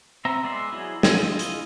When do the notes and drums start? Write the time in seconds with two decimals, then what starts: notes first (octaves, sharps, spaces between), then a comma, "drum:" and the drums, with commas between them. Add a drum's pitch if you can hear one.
0.25 B3 C4 E5 A#5
0.43 G#3 B3 D5 E5 C6
0.72 F#3 E4 G#4
1.03 G#5, drum: snare
1.19 E4 F4 D#5
1.39 drum: hi-hat